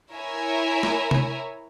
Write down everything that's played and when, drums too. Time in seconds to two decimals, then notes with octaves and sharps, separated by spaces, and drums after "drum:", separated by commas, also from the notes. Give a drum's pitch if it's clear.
0.12 E4 A#4 C#5 E5 G#5
0.83 drum: snare
1.11 drum: tom C3